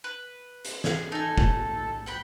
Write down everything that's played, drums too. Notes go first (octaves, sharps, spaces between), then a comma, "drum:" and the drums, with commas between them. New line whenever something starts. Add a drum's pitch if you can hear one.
B4
drum: hi-hat
G#4, drum: snare
D#4 A4 G#5
drum: kick
F#5 G5 B5